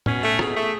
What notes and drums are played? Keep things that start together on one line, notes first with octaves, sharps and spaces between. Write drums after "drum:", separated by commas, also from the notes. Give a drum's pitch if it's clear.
B2 C#4, drum: tom
A3
B2 G#4, drum: rim click
A3